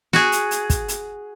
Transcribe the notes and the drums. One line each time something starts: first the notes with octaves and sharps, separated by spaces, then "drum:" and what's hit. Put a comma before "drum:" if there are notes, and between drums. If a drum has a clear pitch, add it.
F#4 G#4, drum: snare
drum: hi-hat
drum: hi-hat
drum: kick, hi-hat
drum: hi-hat